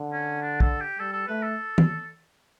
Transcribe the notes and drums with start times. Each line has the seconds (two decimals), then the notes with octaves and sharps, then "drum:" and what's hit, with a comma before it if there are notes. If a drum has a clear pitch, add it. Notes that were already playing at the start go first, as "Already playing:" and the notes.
Already playing: D3
0.12 C#4
0.42 D4
0.60 A4, drum: kick
0.80 G4
0.99 G3 A4
1.13 A4
1.27 A3 B4
1.43 A4
1.78 drum: tom